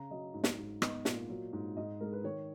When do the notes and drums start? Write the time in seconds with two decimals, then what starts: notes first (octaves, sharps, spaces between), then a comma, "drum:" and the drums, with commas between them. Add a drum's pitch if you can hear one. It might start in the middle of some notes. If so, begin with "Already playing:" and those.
Already playing: C#3 A#5
0.11 F#3 D#5
0.34 G#2
0.44 drum: snare
0.58 G#2
0.82 B3 D#5, drum: rim click
1.05 A#2, drum: snare
1.30 F#3
1.53 G#2
1.77 G#2 D#5
2.00 G#3 A#4
2.13 B4
2.24 D#3 C#5